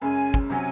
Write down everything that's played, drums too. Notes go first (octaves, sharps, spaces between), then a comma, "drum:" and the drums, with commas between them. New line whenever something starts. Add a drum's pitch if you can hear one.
F#2 C#3 G#3 C#4 G#5
drum: kick
C3 F#3 C#4 G#5